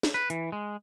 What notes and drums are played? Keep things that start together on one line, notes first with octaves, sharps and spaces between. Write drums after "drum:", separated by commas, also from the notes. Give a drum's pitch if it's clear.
drum: snare
B4
E3, drum: hi-hat
G#3